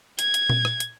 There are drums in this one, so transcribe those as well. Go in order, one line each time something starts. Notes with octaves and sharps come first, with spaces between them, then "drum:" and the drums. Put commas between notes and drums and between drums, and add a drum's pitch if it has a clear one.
G#6, drum: hi-hat
drum: hi-hat
drum: tom A#2
drum: rim click
drum: hi-hat